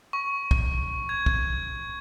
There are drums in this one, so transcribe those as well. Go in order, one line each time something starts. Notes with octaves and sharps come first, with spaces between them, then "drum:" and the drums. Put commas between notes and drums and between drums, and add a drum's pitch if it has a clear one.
C#6
drum: kick
G#6
drum: kick